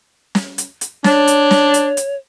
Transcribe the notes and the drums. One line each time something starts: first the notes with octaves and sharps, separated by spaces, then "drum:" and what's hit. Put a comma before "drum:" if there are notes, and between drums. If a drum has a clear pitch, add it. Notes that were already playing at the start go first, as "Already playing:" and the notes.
drum: snare
drum: hi-hat
drum: hi-hat
D4 C#5, drum: snare
drum: hi-hat
drum: snare
drum: hi-hat
drum: hi-hat